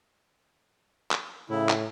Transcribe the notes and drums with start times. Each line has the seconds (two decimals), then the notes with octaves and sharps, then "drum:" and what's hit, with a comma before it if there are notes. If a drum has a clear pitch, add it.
1.11 drum: clap
1.50 A2 C#3 E4
1.69 drum: clap